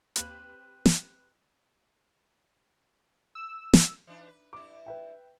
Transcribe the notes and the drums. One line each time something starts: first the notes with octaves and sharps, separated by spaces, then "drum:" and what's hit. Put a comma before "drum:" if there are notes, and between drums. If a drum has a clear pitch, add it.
D#2 A#3 C4 G4 B4 B5 F#6, drum: hi-hat
drum: snare
E6
drum: snare
E3 D4 D#4
B4
G2 E4 D6
B4 E5 G5